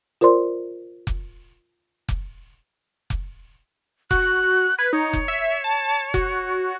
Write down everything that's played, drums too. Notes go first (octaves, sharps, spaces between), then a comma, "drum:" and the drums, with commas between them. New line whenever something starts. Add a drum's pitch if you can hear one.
F4 A#4 C5 D5 C6
drum: kick F1
drum: kick F1
drum: kick F1
F#4 F#6, drum: kick F1
B4 G#6
D#4 C#5
drum: kick F1
E5
A5
F#4, drum: kick F1